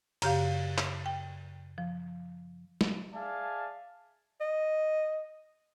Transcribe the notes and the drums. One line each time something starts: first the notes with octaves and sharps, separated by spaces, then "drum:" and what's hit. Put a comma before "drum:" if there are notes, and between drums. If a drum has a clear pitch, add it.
F#2 C#3 G4 F5, drum: cymbal
drum: clap
G5
F3
drum: snare
G#4 D5 E5 F5 G#5 A5
D#5